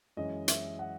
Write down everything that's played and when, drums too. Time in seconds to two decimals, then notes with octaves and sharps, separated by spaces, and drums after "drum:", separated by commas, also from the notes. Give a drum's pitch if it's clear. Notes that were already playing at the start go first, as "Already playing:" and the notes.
0.17 F#2 E3 G#3 C#4 D#5
0.48 E5, drum: hi-hat
0.79 F#5